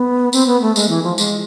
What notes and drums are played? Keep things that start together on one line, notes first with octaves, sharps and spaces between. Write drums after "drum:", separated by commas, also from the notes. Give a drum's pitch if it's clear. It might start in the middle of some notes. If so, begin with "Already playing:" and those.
Already playing: B3
C4, drum: tambourine
B3
A3
G#3, drum: tambourine
E3
F3
G#3, drum: tambourine